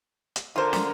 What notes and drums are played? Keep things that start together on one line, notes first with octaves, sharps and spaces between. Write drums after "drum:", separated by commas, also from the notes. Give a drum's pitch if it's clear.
drum: hi-hat
D3 F4 A#4 C5
drum: snare